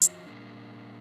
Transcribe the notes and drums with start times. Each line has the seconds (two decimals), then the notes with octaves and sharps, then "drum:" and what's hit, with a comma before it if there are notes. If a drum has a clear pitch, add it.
0.02 F3 F4 F#4 D#5, drum: hi-hat
0.26 A#2 G3 G#3 A#3 D4